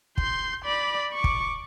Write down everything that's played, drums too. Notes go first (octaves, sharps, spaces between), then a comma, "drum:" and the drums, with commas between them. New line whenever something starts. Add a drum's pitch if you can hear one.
C6 G6, drum: kick
D5 B5
C#6 D6
drum: kick